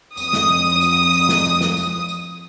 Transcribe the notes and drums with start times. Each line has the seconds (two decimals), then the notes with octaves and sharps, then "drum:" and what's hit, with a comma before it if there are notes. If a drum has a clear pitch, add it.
0.17 F2 D#6, drum: tambourine
0.33 drum: snare
0.81 drum: tambourine
1.13 drum: tambourine
1.29 drum: snare
1.45 drum: tambourine
1.61 drum: snare
1.77 drum: tambourine
2.09 drum: tambourine